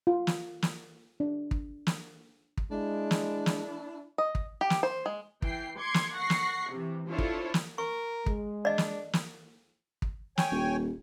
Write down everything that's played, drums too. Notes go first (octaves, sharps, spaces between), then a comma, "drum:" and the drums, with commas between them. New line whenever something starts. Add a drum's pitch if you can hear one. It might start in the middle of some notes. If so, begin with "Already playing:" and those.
F4
drum: snare
drum: snare
D4
drum: kick
drum: snare
drum: kick
G#3 D4 E4
drum: snare
drum: snare
D#5
drum: kick
G4
drum: snare
C5
G#3
E3 G5 C7, drum: kick
C6 D6 G#6 C#7
drum: snare
F#5 C#6 A#6 C7
drum: snare
C3 E3
D4 E4 F4 A4 C5 C#5
drum: kick
drum: snare
A#4 C#6
G#3, drum: kick
D4 D5 D#5
drum: snare
drum: snare
drum: kick
C#5 G5 G#5, drum: snare
D#1